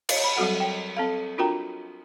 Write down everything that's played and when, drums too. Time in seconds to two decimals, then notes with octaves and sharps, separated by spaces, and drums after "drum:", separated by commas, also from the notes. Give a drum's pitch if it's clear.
0.09 C#5 D#5 F5, drum: cymbal
0.24 B5
0.37 F#3 G3 C4 F#4 A4 F#5
0.60 G5
0.97 C4 A4 F5
1.38 D4 F4 F#4 A#4 G5 A#5